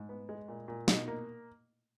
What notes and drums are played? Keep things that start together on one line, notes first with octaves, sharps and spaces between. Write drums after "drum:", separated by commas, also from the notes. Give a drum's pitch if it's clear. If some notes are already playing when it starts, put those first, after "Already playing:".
Already playing: G#2
B3
G#3
A#2
A#2
B2 D#4, drum: snare
A#3